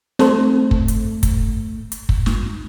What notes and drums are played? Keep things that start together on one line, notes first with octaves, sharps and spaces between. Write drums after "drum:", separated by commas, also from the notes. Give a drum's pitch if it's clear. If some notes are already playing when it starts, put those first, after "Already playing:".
A3 C4 A4 C5, drum: snare
drum: kick
drum: hi-hat
drum: kick, hi-hat
drum: hi-hat
drum: kick
drum: snare